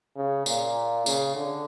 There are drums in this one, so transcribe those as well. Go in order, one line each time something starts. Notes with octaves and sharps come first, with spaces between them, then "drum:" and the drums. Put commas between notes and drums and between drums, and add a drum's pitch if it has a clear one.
C#3
A#2, drum: tambourine
C#3, drum: tambourine
D3